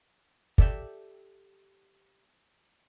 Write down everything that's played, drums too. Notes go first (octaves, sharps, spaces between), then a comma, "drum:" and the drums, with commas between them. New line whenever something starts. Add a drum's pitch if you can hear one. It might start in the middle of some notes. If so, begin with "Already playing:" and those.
G4 A4 D5 E5 G5, drum: kick